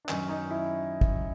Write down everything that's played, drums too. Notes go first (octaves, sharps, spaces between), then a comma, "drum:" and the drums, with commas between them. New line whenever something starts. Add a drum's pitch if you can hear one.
D4
F#2 D#3 C#4, drum: clap
D#4
E4
drum: kick